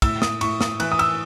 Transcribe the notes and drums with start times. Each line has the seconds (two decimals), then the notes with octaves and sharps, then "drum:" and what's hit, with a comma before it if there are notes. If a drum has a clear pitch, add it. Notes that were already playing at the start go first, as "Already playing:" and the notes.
0.02 A2 E6, drum: kick, cymbal
0.22 D#6, drum: snare
0.41 A2 C#6, drum: cymbal
0.61 D#6, drum: snare
0.80 E3 F#6, drum: cymbal
0.92 D#6
0.99 E6, drum: cymbal